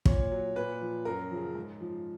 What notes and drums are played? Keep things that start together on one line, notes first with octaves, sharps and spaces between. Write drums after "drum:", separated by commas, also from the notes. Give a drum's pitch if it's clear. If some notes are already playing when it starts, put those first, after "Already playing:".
A#2 C#5, drum: kick
F#3
A#2 B4
F3
F#2 A#4
C#3 F3
G#2
F3